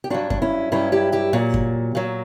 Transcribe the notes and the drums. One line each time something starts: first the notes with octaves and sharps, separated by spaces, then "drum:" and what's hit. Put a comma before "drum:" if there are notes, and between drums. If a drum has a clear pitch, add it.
G4
G2 F#3 D4 F#4
D4, drum: kick F#2
C#4 E4
G2 F#3 C#4 E4
E4 G4
E4 G4
A#2 F#3
drum: kick F#2
A#2 F#3